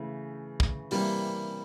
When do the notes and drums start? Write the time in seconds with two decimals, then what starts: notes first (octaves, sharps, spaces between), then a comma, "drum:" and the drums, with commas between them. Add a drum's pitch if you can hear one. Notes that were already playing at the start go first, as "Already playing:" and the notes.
Already playing: C#3 E3 A3
0.60 drum: kick
0.91 C3 E3 G3 A#3, drum: open hi-hat